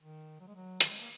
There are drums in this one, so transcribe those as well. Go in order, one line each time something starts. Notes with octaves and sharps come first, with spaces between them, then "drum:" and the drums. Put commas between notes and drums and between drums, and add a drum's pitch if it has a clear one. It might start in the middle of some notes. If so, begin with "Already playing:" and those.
D#3
F#3
G#3
F#3
D#3, drum: hi-hat
G#3
A#3